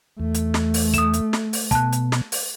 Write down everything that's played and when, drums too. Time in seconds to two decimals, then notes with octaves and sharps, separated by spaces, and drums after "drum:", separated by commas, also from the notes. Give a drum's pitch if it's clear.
0.20 E2 A3
0.34 drum: hi-hat
0.54 drum: snare
0.74 drum: open hi-hat
0.94 D#6 E7, drum: kick, hi-hat
1.13 drum: hi-hat
1.33 drum: snare
1.53 drum: open hi-hat
1.71 B2 A5 F#6, drum: kick, hi-hat
1.92 drum: hi-hat
2.12 drum: snare
2.32 drum: open hi-hat